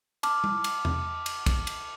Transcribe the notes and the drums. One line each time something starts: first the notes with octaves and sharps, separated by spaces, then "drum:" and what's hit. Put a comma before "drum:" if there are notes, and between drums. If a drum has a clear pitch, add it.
A5 D6 F6, drum: cymbal
drum: tom G3
drum: cymbal
drum: tom E2
drum: cymbal
drum: kick, cymbal
drum: cymbal